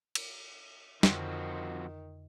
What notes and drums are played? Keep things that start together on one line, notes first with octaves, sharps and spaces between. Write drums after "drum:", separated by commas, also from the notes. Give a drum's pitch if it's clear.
drum: cymbal
F2 D3 D#3 F3 C4 F#4, drum: snare